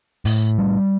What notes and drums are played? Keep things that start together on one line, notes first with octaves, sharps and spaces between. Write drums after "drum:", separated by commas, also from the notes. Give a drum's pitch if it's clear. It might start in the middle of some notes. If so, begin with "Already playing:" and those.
A2, drum: open hi-hat
G3